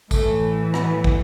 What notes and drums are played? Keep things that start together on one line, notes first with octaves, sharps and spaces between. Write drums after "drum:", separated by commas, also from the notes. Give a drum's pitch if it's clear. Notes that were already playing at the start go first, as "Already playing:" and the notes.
A2 E3 A3, drum: kick, tambourine
B3, drum: rim click
drum: kick